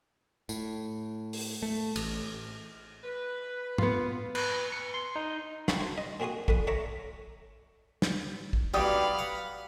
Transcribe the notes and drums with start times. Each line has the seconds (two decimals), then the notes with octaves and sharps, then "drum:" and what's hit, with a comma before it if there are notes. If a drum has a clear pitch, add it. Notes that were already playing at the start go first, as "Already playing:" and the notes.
0.49 A2, drum: tambourine
1.33 drum: open hi-hat
1.62 A3
1.96 A1, drum: cymbal
3.04 B4
3.78 B3 F4, drum: tom G#2
4.35 B4, drum: cymbal
4.72 C#7
4.94 C6
5.16 D#4
5.68 C#5 E5 F5 G5 A5 B5, drum: snare
5.80 F#4 C5
5.98 D#5
6.20 A#2 C4 F#4 G#4 D#6
6.48 F2 D3 B4 D#6, drum: kick
6.67 D3 C#5 E5 A#5 D6
8.02 drum: snare
8.53 drum: kick
8.74 B1 F#3 G3 G4 D5 F5 B5 D#6
9.19 F#5